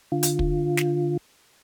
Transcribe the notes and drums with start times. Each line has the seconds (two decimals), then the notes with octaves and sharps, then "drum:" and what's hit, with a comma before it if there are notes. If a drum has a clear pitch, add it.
0.12 D3 F4
0.23 drum: hi-hat
0.39 drum: kick
0.77 drum: snare